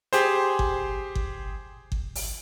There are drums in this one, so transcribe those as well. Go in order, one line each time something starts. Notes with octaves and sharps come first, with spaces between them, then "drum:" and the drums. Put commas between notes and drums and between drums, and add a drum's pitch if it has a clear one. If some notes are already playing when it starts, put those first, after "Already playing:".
G4 G#4 C5, drum: hi-hat
drum: kick G1
drum: kick G1
drum: kick G1
drum: open hi-hat